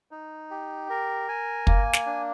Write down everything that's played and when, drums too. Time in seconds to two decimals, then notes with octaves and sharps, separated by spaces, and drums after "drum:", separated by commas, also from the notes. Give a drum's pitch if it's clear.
0.11 D#4
0.51 G4
0.90 A#4
1.29 G#5
1.67 A#3, drum: kick
1.93 drum: snare
2.06 D4